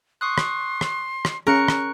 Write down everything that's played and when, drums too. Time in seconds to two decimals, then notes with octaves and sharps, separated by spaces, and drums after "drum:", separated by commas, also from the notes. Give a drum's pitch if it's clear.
0.21 C6 C#6 D#6 F#6
0.38 drum: rim click
0.81 drum: rim click
1.25 drum: rim click
1.47 C#4 G#4 A#4 C#6 F#6 C#7
1.68 drum: rim click